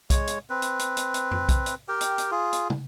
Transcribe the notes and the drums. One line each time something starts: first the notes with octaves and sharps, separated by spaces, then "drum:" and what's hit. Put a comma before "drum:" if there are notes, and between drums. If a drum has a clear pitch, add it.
G#3 C#5, drum: kick B1, hi-hat
drum: hi-hat
C4 B4
drum: hi-hat
drum: hi-hat
drum: hi-hat
drum: hi-hat
drum: tom F2
drum: kick B1, hi-hat
drum: hi-hat
G4 A#4 G5
drum: hi-hat
drum: hi-hat
F4 G#4
drum: hi-hat
drum: tom